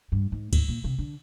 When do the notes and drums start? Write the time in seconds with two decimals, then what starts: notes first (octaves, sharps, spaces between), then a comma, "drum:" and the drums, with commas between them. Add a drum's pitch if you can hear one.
0.12 G2
0.32 G#2
0.53 G#2, drum: kick D2, cymbal
0.68 A#2
0.84 C3
0.98 D3